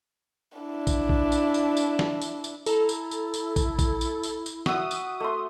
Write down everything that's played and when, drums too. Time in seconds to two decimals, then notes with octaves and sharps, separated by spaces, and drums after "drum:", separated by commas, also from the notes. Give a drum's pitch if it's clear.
0.59 D4 E4
0.87 drum: kick, tambourine
1.09 drum: kick
1.32 drum: tambourine
1.54 drum: tambourine
1.77 drum: tambourine
1.99 drum: snare
2.22 drum: tambourine
2.44 drum: tambourine
2.66 E4 A4 A#5, drum: tambourine
2.89 drum: tambourine
3.11 drum: tambourine
3.34 drum: tambourine
3.56 drum: kick, tambourine
3.79 drum: kick, tambourine
4.01 drum: tambourine
4.23 drum: tambourine
4.46 drum: tambourine
4.66 F#4 E5 F#5 D#6, drum: snare
4.91 drum: tambourine
5.20 A3 C6